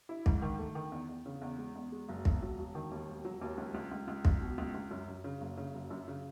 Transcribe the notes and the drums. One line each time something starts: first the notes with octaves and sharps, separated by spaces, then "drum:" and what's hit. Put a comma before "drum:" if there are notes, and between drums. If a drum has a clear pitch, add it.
E4
G#2, drum: kick
D#3
A3
D#3
E2
E2
C#3
E2
G#3
E2
G#3
F#1
E1, drum: kick
F#3
E1
D#3
D#2
E1
F#3
D#2
C#2
C#2
C#2
C#2
C#2, drum: kick
B2
C#2
C#2
F#2
F#2
C#3
F#1
C#3
F#1
F#2
C#3